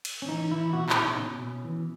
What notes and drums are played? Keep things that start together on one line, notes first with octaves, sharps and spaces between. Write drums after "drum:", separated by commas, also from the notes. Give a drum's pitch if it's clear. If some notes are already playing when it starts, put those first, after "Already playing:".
drum: cymbal
C#4
E3 D#4
E3 E4
B2 F#4
E4, drum: clap
B2
D#4
B2 C#4
B2
E3